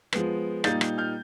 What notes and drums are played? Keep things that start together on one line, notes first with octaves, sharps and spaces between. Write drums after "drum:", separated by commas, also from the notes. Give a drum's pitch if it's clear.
F3 G#3 B3, drum: rim click
A#2 G3 A#3 D#4 G6 A6, drum: rim click
drum: rim click
F6 G6